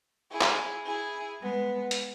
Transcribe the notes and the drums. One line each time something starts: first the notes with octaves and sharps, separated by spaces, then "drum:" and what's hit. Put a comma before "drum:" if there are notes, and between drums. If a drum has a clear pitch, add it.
E4 G#4
drum: clap
E4 G#4
G#3 B3
drum: hi-hat